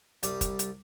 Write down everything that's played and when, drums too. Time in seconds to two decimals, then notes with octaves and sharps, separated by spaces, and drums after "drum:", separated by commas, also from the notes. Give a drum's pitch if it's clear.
0.23 C2 G3 D5 D#6, drum: hi-hat
0.41 drum: kick, hi-hat
0.59 drum: hi-hat